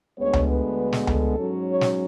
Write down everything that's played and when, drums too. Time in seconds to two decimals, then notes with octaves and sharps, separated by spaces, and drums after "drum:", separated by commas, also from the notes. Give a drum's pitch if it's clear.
0.18 D2 D3 G#3 B3 C#5
0.33 drum: tom C#2
0.48 B4
0.93 drum: snare
1.07 A4, drum: tom C#2
1.37 G#2 F#3 C#4
1.67 C#5
1.81 drum: snare